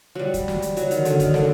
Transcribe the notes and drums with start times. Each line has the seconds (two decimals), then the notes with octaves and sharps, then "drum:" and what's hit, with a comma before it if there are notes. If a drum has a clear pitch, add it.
0.15 F#3 G3
0.34 drum: kick, hi-hat
0.48 drum: snare
0.62 drum: hi-hat
0.77 F#3, drum: hi-hat
0.91 D#3, drum: hi-hat
1.05 D3, drum: hi-hat
1.20 D#3, drum: kick, hi-hat
1.34 D3, drum: snare